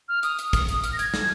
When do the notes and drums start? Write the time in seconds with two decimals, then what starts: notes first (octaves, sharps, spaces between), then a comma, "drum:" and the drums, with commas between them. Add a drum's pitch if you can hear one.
0.09 F6
0.23 D#6, drum: hi-hat
0.39 drum: hi-hat
0.53 D#6, drum: kick, hi-hat
0.69 drum: hi-hat
0.84 F6, drum: hi-hat
0.93 A#6
0.99 G#6, drum: hi-hat
1.14 drum: snare